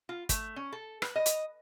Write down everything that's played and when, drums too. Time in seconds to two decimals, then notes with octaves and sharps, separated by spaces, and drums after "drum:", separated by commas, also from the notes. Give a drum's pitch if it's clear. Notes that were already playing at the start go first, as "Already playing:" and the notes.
0.09 F4
0.29 A3, drum: kick, hi-hat
0.56 C#4
0.73 A4
1.02 B4, drum: rim click
1.16 D#5
1.26 drum: hi-hat